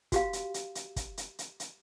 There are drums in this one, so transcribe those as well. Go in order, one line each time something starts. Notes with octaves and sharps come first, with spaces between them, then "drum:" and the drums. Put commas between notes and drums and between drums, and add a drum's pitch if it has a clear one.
F#4 G4 F5, drum: kick, hi-hat
drum: hi-hat
drum: hi-hat
drum: hi-hat
drum: kick, hi-hat
drum: hi-hat
drum: hi-hat
drum: hi-hat